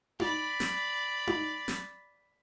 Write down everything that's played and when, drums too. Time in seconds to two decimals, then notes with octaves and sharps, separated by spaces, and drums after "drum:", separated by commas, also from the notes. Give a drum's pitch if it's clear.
0.20 D5 B5, drum: tom D#4
0.60 drum: snare
1.27 drum: tom D#4
1.68 drum: snare